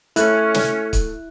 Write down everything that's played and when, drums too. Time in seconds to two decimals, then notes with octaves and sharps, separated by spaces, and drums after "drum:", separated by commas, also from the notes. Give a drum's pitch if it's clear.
0.16 A3 C#4 E4 A4 F#6, drum: hi-hat
0.54 drum: snare
0.93 drum: kick, hi-hat